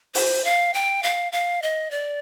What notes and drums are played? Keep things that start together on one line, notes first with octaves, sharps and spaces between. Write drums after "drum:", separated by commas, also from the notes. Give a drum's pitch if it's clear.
C5, drum: open hi-hat
F5
G5
F5
F5
D#5
D5